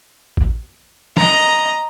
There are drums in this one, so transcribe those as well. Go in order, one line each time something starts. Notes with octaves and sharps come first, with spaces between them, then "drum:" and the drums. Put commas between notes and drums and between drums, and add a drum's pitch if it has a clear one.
drum: kick A1
D#5 A#5, drum: snare